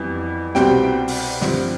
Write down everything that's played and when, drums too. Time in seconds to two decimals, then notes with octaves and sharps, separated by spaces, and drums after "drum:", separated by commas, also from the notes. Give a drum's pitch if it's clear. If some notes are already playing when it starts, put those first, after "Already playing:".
Already playing: F2 E3 G3 B3
0.55 C2 B2 G3 C4 G5, drum: snare
1.08 drum: open hi-hat
1.41 G2 D3 F3 C4, drum: snare